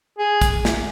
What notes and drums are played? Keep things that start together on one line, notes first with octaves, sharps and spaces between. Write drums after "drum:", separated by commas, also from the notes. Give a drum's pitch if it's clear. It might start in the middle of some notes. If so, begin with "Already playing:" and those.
G#4
drum: kick, hi-hat
drum: snare